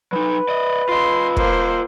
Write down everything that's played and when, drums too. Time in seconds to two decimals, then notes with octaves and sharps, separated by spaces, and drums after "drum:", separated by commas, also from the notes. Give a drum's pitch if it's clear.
0.13 F#3 D#4 B4
0.49 D5 D#5
0.89 F4 D#5 C6
1.37 A#3 C5, drum: kick